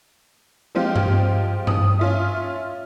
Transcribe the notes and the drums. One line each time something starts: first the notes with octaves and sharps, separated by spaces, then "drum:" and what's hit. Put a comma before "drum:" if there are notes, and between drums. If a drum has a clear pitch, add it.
F3 G#3 C4 F4 G4
drum: tom G2
D#6, drum: tom G2
C#4 F4 E5